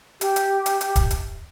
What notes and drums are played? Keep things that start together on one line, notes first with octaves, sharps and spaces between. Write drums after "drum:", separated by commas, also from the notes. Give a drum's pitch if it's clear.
G4, drum: hi-hat
drum: hi-hat
drum: hi-hat
drum: hi-hat
drum: kick, hi-hat
drum: hi-hat